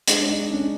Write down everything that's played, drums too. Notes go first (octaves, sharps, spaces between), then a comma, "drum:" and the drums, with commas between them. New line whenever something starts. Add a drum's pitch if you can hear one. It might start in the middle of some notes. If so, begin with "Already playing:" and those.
G#3 D4, drum: hi-hat
D#4
C#4 D4